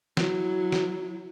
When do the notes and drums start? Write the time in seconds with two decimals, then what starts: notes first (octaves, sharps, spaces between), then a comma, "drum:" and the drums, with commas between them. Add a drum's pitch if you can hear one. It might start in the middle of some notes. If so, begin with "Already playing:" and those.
0.17 F#3 E4, drum: snare
0.72 drum: snare